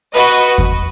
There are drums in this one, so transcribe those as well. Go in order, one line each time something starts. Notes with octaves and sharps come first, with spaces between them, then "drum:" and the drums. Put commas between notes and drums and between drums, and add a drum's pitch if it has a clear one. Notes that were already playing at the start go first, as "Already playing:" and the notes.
F#4 B4 D#5
drum: kick E2